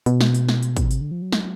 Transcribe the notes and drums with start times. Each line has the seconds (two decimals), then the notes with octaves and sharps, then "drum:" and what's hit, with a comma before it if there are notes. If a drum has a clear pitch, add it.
0.06 B2, drum: hi-hat
0.21 drum: snare
0.35 drum: hi-hat
0.49 drum: snare
0.63 drum: hi-hat
0.77 drum: kick, hi-hat
0.91 C3, drum: hi-hat
1.01 D3
1.11 F3
1.22 F#3
1.32 drum: snare